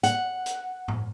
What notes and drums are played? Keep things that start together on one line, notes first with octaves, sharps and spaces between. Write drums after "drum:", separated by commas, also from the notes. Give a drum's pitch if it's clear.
F#5, drum: hi-hat
drum: hi-hat
drum: tom A2